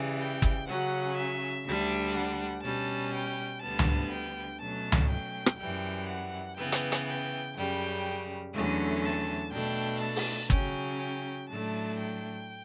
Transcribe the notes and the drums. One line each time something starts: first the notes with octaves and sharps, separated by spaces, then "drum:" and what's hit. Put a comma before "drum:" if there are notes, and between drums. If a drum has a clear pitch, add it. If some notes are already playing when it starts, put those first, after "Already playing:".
Already playing: C#3 E3 G3
G5
drum: kick
C#3 F#3 C#4 F#5
E5
D2 D3 G3 D4 E5
F#5
B2 G3 C#4 A5
G5
D2 D3 G3 B3 A5
drum: tom C#2
G5
B2 F#3 A3 C#4 A5
drum: tom C#2
G5
drum: rim click
F#2 E3 G3 G5
F#5
C#3 E3 B3 G5
drum: hi-hat
drum: hi-hat
G5
F#2 C#3 G3 G5
E2 D3 F#3 A3 C#4
A5
B2 A3 D4 G5
A5
drum: open hi-hat
C#3 F#3 C#4 G5, drum: kick
G5
A2 F#3 A3 D4 A5
G5